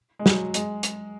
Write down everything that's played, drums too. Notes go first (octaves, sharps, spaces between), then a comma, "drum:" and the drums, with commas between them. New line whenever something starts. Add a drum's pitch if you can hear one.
G#3
F#3, drum: snare
G#3, drum: hi-hat
drum: hi-hat